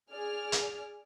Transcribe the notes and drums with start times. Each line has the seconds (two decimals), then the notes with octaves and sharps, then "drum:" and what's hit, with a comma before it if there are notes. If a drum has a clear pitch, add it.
0.12 G#4 D5 F6
0.52 drum: hi-hat